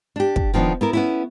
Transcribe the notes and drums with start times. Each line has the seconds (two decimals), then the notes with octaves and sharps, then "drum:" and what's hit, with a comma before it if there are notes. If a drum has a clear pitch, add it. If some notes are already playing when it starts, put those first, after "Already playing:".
0.16 D4 G4
0.36 drum: kick
0.54 D#3 F3 B3 D4
0.81 B3 E4 A#4
0.93 B3 C#4 E4